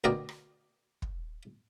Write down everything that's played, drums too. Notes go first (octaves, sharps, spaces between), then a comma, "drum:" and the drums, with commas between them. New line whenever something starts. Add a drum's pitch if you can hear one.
D2 B2 A#4 D5 D#5 G5
drum: rim click
drum: kick